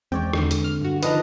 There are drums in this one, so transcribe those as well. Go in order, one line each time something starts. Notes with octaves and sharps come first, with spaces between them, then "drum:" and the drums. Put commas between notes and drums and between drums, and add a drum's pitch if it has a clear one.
E2 G#3 C4 C#5 D5 G5
E2 D3, drum: rim click
drum: hi-hat
F6
G2 F#4
D#3 F3 D4 B4 D#5 A#5, drum: hi-hat